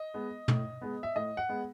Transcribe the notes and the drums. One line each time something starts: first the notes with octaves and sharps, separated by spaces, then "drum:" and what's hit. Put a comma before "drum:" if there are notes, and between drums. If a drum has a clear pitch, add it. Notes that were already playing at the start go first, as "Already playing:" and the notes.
Already playing: D#5
G#3 B3
A2, drum: tom
G#3 B3
E5
A2 D#5
F#5
G#3 B3